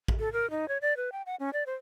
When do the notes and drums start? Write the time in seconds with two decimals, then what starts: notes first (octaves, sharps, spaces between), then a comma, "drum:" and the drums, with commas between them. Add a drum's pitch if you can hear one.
0.08 drum: kick
0.19 A4
0.33 A#4
0.51 D#4
0.68 C#5
0.82 D5
0.97 B4
1.12 G5
1.26 F#5
1.40 C#4
1.53 D5
1.66 C5